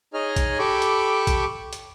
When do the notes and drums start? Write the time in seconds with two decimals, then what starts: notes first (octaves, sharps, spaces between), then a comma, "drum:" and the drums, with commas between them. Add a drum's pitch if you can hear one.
0.14 D#4 G#4 C#5 D#5 F6
0.36 drum: kick, hi-hat
0.59 G4 A4 B5 C#6 D6
0.82 drum: hi-hat
1.27 drum: kick, hi-hat
1.73 drum: hi-hat